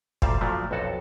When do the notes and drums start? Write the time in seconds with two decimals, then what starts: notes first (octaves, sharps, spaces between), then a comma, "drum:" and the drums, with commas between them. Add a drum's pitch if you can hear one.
0.22 D2 A#2 G3 F5 A5, drum: kick
0.41 G2 A#2 F3 F#3 A3
0.71 B1 F2 F#4 A4 A5